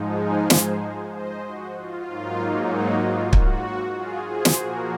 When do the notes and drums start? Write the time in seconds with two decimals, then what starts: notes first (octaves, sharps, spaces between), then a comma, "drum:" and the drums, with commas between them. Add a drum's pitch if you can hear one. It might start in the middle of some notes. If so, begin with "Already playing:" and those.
Already playing: G#2 F3 G#3 D#4
0.18 F5 G#5
0.50 G#4 C5, drum: snare
1.13 C5 D#5
1.44 F#4
1.75 F4
2.07 G#2 F#3 A#3 D#4
2.70 F#4
3.01 F4
3.33 F#4, drum: kick
3.95 F4 G#4
4.26 G#4 C5
4.45 drum: snare
4.58 A#2 F3 A#3 F#4 A#4